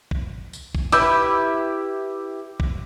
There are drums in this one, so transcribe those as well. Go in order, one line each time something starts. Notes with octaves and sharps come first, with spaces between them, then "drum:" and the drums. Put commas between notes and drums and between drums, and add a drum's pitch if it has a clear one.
drum: kick
drum: tambourine
drum: kick
E4 G4 B4 D6 E6 G6, drum: hi-hat
drum: kick